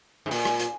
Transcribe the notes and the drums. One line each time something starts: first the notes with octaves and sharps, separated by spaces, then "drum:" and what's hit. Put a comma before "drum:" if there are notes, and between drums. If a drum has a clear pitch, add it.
G#2
A#2, drum: open hi-hat
drum: rim click
drum: hi-hat